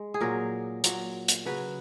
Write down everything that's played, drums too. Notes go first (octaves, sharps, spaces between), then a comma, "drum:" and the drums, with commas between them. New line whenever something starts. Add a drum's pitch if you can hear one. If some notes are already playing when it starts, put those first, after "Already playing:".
Already playing: G#3
G#4
A#2 F#3 A#4
A#2 F#3, drum: hi-hat
drum: hi-hat
C#3 F#3 B4